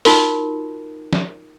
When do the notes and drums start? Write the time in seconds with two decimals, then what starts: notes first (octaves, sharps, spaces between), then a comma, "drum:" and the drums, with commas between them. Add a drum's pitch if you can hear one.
0.05 D#4 F4 F#4 A#4, drum: open hi-hat
1.13 drum: snare F3